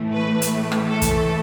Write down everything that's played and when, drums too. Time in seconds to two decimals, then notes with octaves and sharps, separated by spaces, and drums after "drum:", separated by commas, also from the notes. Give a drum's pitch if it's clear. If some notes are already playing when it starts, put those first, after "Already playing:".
Already playing: A2 E3 A3
0.12 B4
0.42 drum: hi-hat
0.72 drum: rim click
0.87 A4
1.02 drum: kick, hi-hat